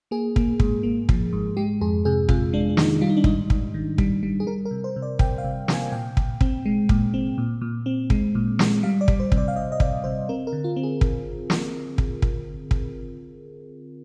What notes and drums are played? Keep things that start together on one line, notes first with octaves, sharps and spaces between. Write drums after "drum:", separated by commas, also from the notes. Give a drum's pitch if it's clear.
A#3 G#4
A#3, drum: kick
G#2, drum: kick
A#3
F3, drum: kick
G#2
G#3 G4
F2 G#4
C3 G#4
C3 F4, drum: kick
G#3 D4
D4
D#3 D#4, drum: snare
G3 F4
D#4
D4
G#2 D#4, drum: kick
G#2, drum: kick
D#3
G3, drum: kick
G3
G#4
G3 A#4
A#4
C3
C5
C3
D5
C3 G5, drum: kick
F5
C3
C3, drum: snare
G#5
A#2 G5
A#2, drum: kick
C4, drum: kick
G#3
A#2, drum: kick
C4
A#2
A#2
C4
G#3, drum: kick
A#2
G#3, drum: snare
G3 F5
D5
G3, drum: kick
C5
C3, drum: kick
D5
F5
C3 D#5
D#5
C3 D5, drum: kick
C3 C5
C4 A#4
A#4
D3
F4
C4
G#4
drum: kick
drum: snare
drum: kick
drum: kick
drum: kick